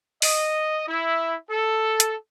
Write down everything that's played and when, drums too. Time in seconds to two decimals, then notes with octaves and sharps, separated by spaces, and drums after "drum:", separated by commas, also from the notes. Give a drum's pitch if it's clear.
0.22 D#5, drum: open hi-hat
0.88 E4
1.51 A4
2.00 drum: hi-hat